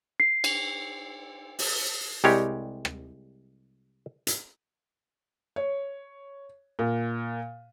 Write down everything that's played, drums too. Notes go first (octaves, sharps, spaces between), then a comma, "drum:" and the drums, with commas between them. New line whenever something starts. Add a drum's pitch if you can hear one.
C7
drum: cymbal
drum: open hi-hat
C2 G3 G#3 G4 C#5
drum: rim click
drum: hi-hat
C#5
A#2